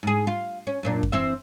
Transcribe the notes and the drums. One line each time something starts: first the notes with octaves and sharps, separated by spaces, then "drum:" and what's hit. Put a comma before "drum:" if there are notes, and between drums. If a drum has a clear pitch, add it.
G#2 G#4
F4
C#4
F#2 A#2 D4
drum: kick F#2
E3 C4 E5